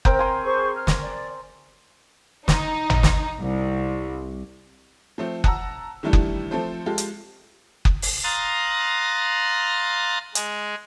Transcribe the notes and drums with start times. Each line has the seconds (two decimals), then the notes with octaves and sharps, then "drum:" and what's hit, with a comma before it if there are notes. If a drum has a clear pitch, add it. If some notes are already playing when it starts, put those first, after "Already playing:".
0.05 C4 A#4 G5, drum: kick F#1
0.19 G#5 C6
0.43 G#4 C5 C#6
0.75 F6
0.87 drum: snare
1.02 D5
2.48 D#4, drum: snare
2.90 drum: tom
3.03 drum: snare
3.39 C2
5.18 F3 A3 C4
5.44 F#5 A5 A#5 E6, drum: kick F#1
6.03 D#3 E3 G3 A3 D4 E4
6.13 drum: kick F#1
6.51 F3 A3 C4 A4 C5
6.86 G#3 F4 G4 A4
6.98 drum: hi-hat
7.85 drum: kick F#1
8.02 drum: open hi-hat
8.23 F5 A#5 C6 D#6 F#6 A6
10.35 G#3 G#4, drum: hi-hat